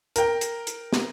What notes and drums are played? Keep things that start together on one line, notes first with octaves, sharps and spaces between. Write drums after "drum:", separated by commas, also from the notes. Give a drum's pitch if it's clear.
A#4 G5, drum: hi-hat
drum: hi-hat
drum: hi-hat
drum: snare